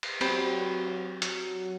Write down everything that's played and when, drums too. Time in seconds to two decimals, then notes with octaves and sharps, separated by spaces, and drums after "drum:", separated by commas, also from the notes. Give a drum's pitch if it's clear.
0.03 drum: cymbal
0.21 F#3 C4 G4 B4 C5 G5, drum: cymbal
1.22 F#3, drum: hi-hat